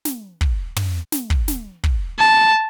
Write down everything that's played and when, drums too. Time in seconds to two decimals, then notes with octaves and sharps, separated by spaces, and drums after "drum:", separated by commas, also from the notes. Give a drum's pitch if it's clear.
0.05 drum: snare
0.41 drum: kick
0.76 drum: tom
1.12 drum: snare
1.30 drum: kick
1.48 drum: snare
1.84 drum: kick
2.19 A5